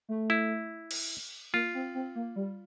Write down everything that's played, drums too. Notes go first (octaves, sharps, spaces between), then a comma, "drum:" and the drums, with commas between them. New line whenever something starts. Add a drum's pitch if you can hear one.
A3
E4
drum: cymbal
A#3 F4
C4
C4
A#3
G3